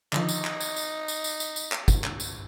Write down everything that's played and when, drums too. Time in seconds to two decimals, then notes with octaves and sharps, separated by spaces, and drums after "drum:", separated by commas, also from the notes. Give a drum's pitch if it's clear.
0.13 D3 D#3 F3 D#4, drum: clap
0.29 drum: tambourine
0.45 drum: clap
0.60 drum: tambourine
0.76 drum: tambourine
1.08 drum: tambourine
1.24 drum: tambourine
1.40 drum: tambourine
1.56 drum: tambourine
1.72 drum: clap
1.88 drum: kick, tambourine
2.04 drum: clap
2.20 drum: tambourine